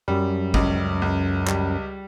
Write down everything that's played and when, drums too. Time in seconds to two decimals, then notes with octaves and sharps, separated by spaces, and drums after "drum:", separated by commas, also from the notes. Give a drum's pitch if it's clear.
0.08 F#2 G3
0.54 C#2, drum: kick G#1
1.02 C#2
1.48 G3, drum: clap